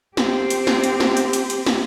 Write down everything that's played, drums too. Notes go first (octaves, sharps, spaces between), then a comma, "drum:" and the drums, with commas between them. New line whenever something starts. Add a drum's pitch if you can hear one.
C4 G4, drum: snare
drum: hi-hat
drum: snare
drum: hi-hat
drum: snare
drum: hi-hat
drum: hi-hat
drum: hi-hat
drum: snare